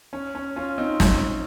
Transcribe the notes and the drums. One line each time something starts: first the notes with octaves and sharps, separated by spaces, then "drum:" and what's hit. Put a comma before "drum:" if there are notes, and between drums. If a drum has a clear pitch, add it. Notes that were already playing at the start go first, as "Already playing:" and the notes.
C#4
C#4
C#4 F4
C4 D#4
drum: snare